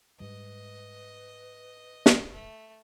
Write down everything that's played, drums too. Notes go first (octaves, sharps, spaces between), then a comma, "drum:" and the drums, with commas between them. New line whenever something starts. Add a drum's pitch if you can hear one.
G#2 G3 B4 D#5
drum: snare
A3